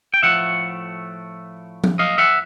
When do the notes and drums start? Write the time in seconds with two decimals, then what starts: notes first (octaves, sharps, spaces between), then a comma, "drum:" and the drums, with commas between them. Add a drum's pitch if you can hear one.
0.14 G5
0.23 A2 F3 A3 E5 F#5
1.84 drum: tom F3
1.99 D#5 F5
2.18 E5 F#5